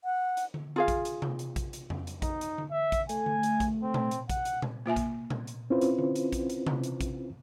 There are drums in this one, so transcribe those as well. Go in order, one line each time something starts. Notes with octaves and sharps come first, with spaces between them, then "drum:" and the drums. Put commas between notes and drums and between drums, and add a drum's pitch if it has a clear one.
F#5
drum: hi-hat
drum: tom D3
F4 G#4 F5
drum: kick A#1, hi-hat
drum: hi-hat
drum: tom C3
drum: hi-hat
drum: kick A#1, hi-hat
drum: hi-hat
drum: tom F2
drum: hi-hat
D#4, drum: kick A#1, hi-hat
drum: hi-hat
drum: tom D3
E5
drum: kick A#1, hi-hat
A3 G#5, drum: hi-hat
drum: tom D3
drum: hi-hat
drum: kick A#1, hi-hat
C4
drum: tom A#2
drum: hi-hat
F#5, drum: kick A#1, hi-hat
drum: hi-hat
drum: tom A#2
A#3 F4 E5 G#5
drum: kick A#1, hi-hat
drum: tom A#2
drum: hi-hat
C4 C#4 E4 F4 B4 C5
drum: hi-hat
drum: tom D3
drum: hi-hat
drum: kick A#1, hi-hat
drum: hi-hat
drum: tom C3
drum: hi-hat
drum: kick A#1, hi-hat